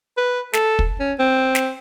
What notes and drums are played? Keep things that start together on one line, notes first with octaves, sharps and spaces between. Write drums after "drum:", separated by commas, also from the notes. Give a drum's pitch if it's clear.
B4
A4, drum: snare
drum: kick
C#4
C4
drum: snare